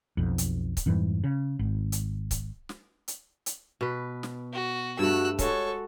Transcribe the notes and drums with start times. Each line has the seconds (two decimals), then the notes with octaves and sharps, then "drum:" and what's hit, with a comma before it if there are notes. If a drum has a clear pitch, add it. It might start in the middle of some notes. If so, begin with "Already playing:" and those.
0.17 B1 F2
0.38 drum: hi-hat
0.77 drum: kick C#1, hi-hat
0.86 F2 G#2 E3 G3
1.24 C#3
1.59 G#1
1.92 drum: hi-hat
2.31 drum: kick C#1, hi-hat
2.69 drum: snare
3.08 drum: hi-hat
3.46 drum: hi-hat
3.81 B2 B4
4.23 drum: snare
4.53 F#4
4.99 G2 A3 F#4 E6 F#6
5.39 G#3 F#4 A4 C#5 C#6, drum: kick C#1, hi-hat